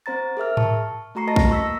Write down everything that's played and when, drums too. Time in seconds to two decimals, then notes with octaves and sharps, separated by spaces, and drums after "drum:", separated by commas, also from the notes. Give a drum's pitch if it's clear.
0.06 C4 C5 A#5 A6
0.37 G#4 A#4 E5 F6
0.57 A5 C#6, drum: tom G#2
1.15 A3 F#4 A#5 C#6 C7
1.27 B4 D#5 A5 A#6
1.36 drum: kick A#1
1.50 A#3 C#6 E6 A#6 B6